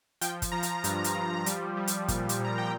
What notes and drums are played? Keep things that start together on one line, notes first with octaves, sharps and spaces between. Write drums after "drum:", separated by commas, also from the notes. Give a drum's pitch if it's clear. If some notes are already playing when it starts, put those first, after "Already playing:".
F3 G5, drum: hi-hat
drum: kick, hi-hat
F3 A#5
drum: hi-hat
G2, drum: hi-hat
drum: hi-hat
F3
G3, drum: hi-hat
G3
drum: hi-hat
A#2, drum: kick, hi-hat
drum: hi-hat
A#2 A#5
G5